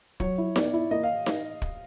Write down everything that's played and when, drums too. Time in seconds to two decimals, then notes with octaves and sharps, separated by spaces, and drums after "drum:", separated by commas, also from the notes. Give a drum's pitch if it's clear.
0.20 F#3 C#5, drum: kick
0.38 E4
0.56 B3 D5, drum: snare D#4
0.73 E4
0.91 A#3 D#5
1.03 F5
1.26 drum: snare D#4
1.62 drum: kick